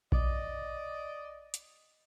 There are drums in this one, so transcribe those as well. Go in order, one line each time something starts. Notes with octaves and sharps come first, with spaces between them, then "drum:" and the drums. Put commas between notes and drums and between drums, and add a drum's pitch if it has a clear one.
D5 D#5, drum: kick A#1
drum: hi-hat